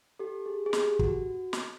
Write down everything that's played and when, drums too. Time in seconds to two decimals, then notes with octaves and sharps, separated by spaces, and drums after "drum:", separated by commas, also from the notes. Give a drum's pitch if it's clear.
0.19 G4 A4
0.46 G#4
0.66 G#4
0.73 G4, drum: snare
0.99 F#4, drum: kick
1.53 drum: snare